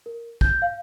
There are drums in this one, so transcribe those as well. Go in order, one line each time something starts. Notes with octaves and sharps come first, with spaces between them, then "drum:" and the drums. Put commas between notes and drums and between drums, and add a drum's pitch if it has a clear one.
A#4
G6, drum: kick
F5